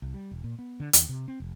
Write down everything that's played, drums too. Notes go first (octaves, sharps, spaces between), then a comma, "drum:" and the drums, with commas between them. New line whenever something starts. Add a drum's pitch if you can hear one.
C2
G3
E1
A#2
B3
D3
D#2, drum: hi-hat
C3
C4
F1